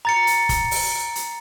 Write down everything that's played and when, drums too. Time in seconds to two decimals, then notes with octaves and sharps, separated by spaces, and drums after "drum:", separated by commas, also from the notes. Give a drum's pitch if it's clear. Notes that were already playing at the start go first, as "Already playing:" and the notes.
0.05 A#5 A6 C#7
0.27 drum: hi-hat
0.49 drum: kick, hi-hat
0.71 drum: open hi-hat
1.15 drum: hi-hat